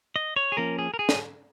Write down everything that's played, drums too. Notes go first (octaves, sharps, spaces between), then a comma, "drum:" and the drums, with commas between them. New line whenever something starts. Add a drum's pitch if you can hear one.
D#5
C#5
G#4
F3 A#3 C#4 A#4
G#4
A#4
G#4
drum: snare